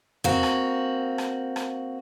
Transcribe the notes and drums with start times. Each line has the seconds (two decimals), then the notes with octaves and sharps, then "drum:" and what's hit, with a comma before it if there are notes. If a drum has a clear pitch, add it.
0.24 A#3 C4 F#4, drum: tom E2
0.43 drum: rim click
1.18 drum: rim click
1.56 drum: rim click